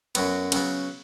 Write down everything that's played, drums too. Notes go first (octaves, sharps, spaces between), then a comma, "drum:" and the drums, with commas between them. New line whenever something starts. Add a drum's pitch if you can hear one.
F#2 F#3 B3, drum: cymbal
C#3 F#3 B3, drum: cymbal